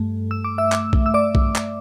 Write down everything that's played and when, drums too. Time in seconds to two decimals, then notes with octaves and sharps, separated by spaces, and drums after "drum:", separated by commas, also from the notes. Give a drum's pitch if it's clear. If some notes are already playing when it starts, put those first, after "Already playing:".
Already playing: G2 A3
0.31 E6
0.44 D6
0.58 E5 E6
0.72 drum: clap
0.93 drum: kick B1
1.06 E6
1.14 D5 D6
1.35 drum: kick B1
1.56 drum: clap